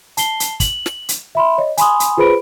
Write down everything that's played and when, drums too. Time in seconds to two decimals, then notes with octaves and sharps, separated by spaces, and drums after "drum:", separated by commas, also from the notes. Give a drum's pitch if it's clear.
0.17 A5 C7 G7, drum: hi-hat
0.40 drum: hi-hat
0.60 F#7, drum: kick, hi-hat
0.86 drum: snare
1.09 drum: hi-hat
1.35 E5 B5 C6
1.58 C#5 D#5
1.77 G#5 B5 C6 D#6, drum: hi-hat
2.00 drum: hi-hat
2.17 F4 G#4 B4 C5 B5 D7